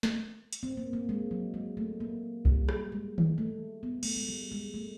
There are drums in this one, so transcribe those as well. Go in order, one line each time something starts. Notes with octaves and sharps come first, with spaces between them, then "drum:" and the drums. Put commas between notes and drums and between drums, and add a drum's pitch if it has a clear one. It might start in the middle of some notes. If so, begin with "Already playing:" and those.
drum: snare
drum: hi-hat
C4
A#3
A#3
G#3
F#3
G#3
A3
A#3
G3, drum: kick B1
G3, drum: rim click
G#3
drum: tom D#3
A3
B3
A3, drum: cymbal
G#3
G3
G#3
A3